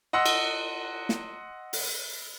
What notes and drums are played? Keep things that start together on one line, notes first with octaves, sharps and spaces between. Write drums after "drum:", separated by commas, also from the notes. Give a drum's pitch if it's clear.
D#5 F#5 C6 E6
drum: cymbal
drum: snare
drum: open hi-hat